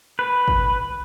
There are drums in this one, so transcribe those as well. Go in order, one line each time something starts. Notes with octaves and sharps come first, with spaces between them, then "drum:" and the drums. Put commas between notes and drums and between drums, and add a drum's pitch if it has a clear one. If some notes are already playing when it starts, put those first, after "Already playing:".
B4
drum: kick